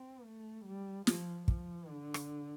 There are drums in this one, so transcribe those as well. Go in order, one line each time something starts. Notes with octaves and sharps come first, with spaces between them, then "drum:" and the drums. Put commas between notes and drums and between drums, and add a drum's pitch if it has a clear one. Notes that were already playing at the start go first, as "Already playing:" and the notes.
Already playing: C4
A3
G3
F3, drum: snare
F3, drum: kick
D3
drum: rim click